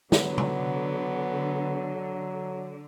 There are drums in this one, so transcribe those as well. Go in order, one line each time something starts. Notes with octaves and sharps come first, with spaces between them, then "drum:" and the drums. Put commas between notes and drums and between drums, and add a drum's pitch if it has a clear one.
D3 F#3 B3, drum: snare
drum: tom C3